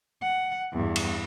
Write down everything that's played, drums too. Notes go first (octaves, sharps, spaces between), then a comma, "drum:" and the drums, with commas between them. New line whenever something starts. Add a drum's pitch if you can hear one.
F#5
E2 G2
drum: cymbal